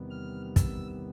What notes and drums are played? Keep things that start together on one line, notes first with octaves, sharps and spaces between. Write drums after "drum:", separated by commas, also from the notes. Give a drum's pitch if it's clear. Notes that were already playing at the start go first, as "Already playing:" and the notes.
Already playing: E2 C3 D#3 G3 B3
F6
E6, drum: kick, hi-hat